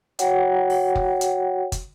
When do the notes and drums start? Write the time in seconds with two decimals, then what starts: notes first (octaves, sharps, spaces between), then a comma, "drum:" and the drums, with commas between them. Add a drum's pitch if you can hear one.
0.19 F#4 C#5 F#5 G5, drum: hi-hat
0.70 drum: open hi-hat
0.95 drum: kick
1.21 drum: hi-hat
1.72 drum: kick, hi-hat